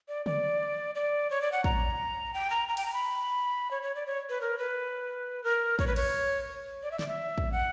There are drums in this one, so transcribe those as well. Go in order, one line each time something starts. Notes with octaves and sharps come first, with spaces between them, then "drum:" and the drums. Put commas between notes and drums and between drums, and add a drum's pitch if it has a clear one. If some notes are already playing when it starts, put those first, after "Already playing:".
D5
D5, drum: tom C#3
D5
C#5
D5
F#5
A#5, drum: kick
G5
A#5
A#5
G5, drum: cymbal
A#5
B5
C#5
C#5
D5
C#5
B4
A#4
B4
A#4
C#5, drum: kick
B4
C#5, drum: cymbal
D5
E5
D5, drum: snare
E5
drum: kick
F#5